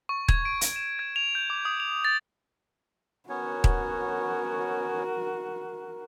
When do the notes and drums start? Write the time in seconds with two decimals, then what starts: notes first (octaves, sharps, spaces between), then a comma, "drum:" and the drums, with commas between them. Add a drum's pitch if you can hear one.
0.09 C#6
0.28 G#6, drum: kick D#1
0.45 D7
0.61 C#6, drum: hi-hat
0.76 E7
0.99 G#6
1.16 F7
1.35 G6
1.50 D6
1.65 D#6
1.80 F7
2.05 A6
3.29 B3 C#4 F#4 A#4 C#5
3.64 drum: kick D#1